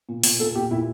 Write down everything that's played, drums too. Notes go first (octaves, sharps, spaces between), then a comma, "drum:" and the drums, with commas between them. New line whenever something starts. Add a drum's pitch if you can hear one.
A#2
A#2, drum: open hi-hat
A#2 A4
A#2 G4
A#2 E4